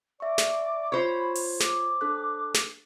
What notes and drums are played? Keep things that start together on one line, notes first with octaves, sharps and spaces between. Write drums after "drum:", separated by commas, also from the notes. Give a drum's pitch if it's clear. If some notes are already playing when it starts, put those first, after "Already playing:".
D5 E5 C#6
drum: snare
F4 C5 C#5 B5 G#6
drum: open hi-hat
D6, drum: snare
D4 A4 F#6
drum: snare